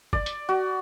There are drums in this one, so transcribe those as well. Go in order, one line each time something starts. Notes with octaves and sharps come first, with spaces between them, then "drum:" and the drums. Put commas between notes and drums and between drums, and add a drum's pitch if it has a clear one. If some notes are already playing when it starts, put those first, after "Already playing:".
D5, drum: kick
drum: hi-hat
F#4